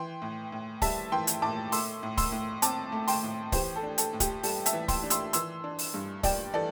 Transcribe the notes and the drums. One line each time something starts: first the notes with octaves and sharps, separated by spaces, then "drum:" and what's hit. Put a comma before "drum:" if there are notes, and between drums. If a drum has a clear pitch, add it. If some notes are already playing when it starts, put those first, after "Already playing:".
Already playing: E3 G5 C6
A2
A2
G3 E5 A5, drum: kick, open hi-hat
E3 G5 C6
drum: hi-hat
A2 A5 D6
A3 C6 E6, drum: open hi-hat
A2
C6 E6, drum: kick, open hi-hat
A2
C4 A5 D6, drum: hi-hat
A3
G5 C6, drum: open hi-hat
A2
E3 G4 C5, drum: kick, open hi-hat
A4
D4
A4, drum: hi-hat
A2
G4, drum: kick, hi-hat
G3 A4, drum: open hi-hat
E5 A5, drum: hi-hat
E3
G5 C6, drum: kick, open hi-hat
D4
C6 E6, drum: hi-hat
E3 C6 E6, drum: hi-hat
D4
drum: open hi-hat
G2
G3 D5 G5, drum: kick, open hi-hat
E3 A4 D5